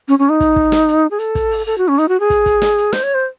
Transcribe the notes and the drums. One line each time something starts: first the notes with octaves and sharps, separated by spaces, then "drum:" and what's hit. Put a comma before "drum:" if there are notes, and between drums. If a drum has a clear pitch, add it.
C#4, drum: hi-hat
C#4
D#4
drum: kick, hi-hat
drum: kick
drum: snare
drum: hi-hat
G#4
A4, drum: hi-hat
drum: kick, hi-hat
drum: open hi-hat
A4, drum: hi-hat
F#4
C#4
D#4, drum: hi-hat
F#4
G#4
drum: kick, hi-hat
drum: kick, hi-hat
drum: snare
drum: hi-hat
C5, drum: snare
C#5
C5